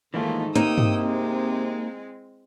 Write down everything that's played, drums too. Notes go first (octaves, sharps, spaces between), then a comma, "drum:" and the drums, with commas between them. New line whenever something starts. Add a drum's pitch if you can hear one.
G#2 D#3 E3 A3 A#3 D#4 F4
C3 A#3 D#4 G5 D#6 E6, drum: hi-hat
drum: tom G2
G#3 C4